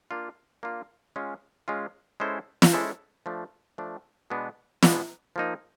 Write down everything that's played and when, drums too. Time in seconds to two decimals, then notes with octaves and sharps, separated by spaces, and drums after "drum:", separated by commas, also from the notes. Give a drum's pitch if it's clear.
0.11 A#3 D4 F4
0.63 A#3 D4 F4
1.16 G#3 C#4 F4
1.68 G#3 C#4 F4
2.20 G#3 C#4 E4 A4 C5
2.62 drum: snare
2.73 G#3 C#4 E4 A4 C5
3.26 F3 A3 D4
3.78 F3 A3 D4
4.30 B2 G#3 B3 D4
4.83 B2 G#3 B3 D4, drum: snare
5.36 F3 A#3 D#4